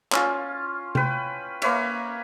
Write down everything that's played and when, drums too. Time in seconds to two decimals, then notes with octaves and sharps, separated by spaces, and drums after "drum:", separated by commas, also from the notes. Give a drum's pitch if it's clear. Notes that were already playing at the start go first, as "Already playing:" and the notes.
0.13 C#4 F4, drum: clap
0.95 B4 G5, drum: tom C3
1.62 A#3 B4 C#5 E5, drum: cymbal